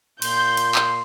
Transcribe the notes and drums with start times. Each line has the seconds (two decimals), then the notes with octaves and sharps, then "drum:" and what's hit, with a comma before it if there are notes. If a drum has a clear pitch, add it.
0.22 A#2 C6 G6, drum: cymbal
0.57 drum: cymbal
0.75 drum: clap